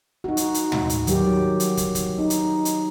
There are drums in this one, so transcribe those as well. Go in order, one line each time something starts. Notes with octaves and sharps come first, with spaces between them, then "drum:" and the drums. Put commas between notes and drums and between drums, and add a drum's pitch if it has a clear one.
D#4 F#4
drum: hi-hat
drum: hi-hat
drum: tom
drum: hi-hat
D#3 F#3 G4, drum: hi-hat
drum: hi-hat
drum: kick, hi-hat
drum: kick, hi-hat
D#4
drum: hi-hat
drum: hi-hat